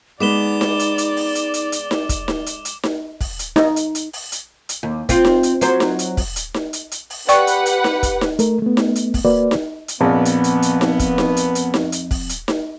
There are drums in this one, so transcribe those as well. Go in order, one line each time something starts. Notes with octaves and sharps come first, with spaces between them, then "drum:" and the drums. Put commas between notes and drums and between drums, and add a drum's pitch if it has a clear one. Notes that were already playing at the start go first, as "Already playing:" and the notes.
G#3 B3 D#4 D5 D6 E7 G7
drum: snare D#4
drum: hi-hat
drum: hi-hat
drum: open hi-hat
drum: hi-hat
drum: hi-hat
drum: hi-hat
drum: snare D#4
drum: kick, hi-hat
drum: snare D#4
drum: hi-hat
drum: hi-hat
drum: snare D#4
drum: kick, open hi-hat
drum: hi-hat
D#4, drum: snare D#4
drum: hi-hat
drum: hi-hat
drum: open hi-hat
drum: hi-hat
drum: hi-hat
D#2
C4 F4, drum: kick, hi-hat
drum: snare D#4
drum: hi-hat
F#3 C5, drum: hi-hat
drum: snare D#4
drum: hi-hat
drum: kick, open hi-hat
drum: hi-hat
drum: snare D#4
drum: hi-hat
drum: hi-hat
drum: open hi-hat
G4 B4 D5 F#5 G5 C#6, drum: hi-hat
drum: hi-hat
drum: hi-hat
drum: snare D#4
drum: kick, hi-hat
drum: snare D#4
A3 A#4, drum: hi-hat
A3 B3
drum: snare D#4
drum: hi-hat
drum: kick, open hi-hat
A#3 F#4 B4 D5
drum: snare D#4
drum: hi-hat
A#1 F2 B3
drum: hi-hat
drum: hi-hat
drum: hi-hat
drum: snare D#4
drum: kick, hi-hat
drum: snare D#4
drum: hi-hat
drum: hi-hat
drum: snare D#4
drum: hi-hat
drum: kick, open hi-hat
drum: hi-hat
drum: snare D#4